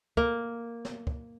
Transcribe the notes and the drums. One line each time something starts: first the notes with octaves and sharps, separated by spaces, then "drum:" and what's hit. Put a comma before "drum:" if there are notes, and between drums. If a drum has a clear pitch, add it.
A#3, drum: kick
drum: snare
drum: kick